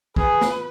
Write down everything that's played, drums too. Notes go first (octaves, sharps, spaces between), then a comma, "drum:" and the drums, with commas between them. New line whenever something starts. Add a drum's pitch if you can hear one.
G#4 B4, drum: kick
drum: snare